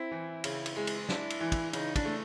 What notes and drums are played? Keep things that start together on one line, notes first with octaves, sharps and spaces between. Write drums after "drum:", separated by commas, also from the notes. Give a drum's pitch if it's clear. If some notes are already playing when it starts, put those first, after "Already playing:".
Already playing: C4 E4
E3
C#3, drum: cymbal
drum: cymbal
G#3
drum: cymbal
D4 E4, drum: snare
drum: cymbal
E3
drum: kick, cymbal
C#3 D#4, drum: cymbal
D4, drum: kick, cymbal
A3